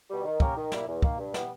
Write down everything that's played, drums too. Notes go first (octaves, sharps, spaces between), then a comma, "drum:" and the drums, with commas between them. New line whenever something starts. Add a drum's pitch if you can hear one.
B2 G3
D#3
A#3 C#4 G4 A#4, drum: kick
D#3
G3 A#3 E4, drum: snare
E2
D#3 A#3, drum: kick
G2
E3 G3 B3, drum: snare